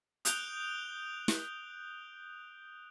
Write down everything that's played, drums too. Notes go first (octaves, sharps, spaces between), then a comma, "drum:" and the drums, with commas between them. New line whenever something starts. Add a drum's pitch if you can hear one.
D#6 F#6 G6 D7 F7 G7, drum: hi-hat
drum: snare